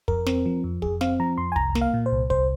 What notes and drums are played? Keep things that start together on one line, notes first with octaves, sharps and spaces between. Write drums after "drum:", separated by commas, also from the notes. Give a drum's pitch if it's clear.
F2 A#4, drum: kick
C4, drum: snare
F3
F2
F2 G#4, drum: kick
C4 F5, drum: snare
F3 A#5
F2 C6
G#5
C2 A#5, drum: kick
A#3, drum: snare
F5
A#2
C5
C2
C2 C5, drum: kick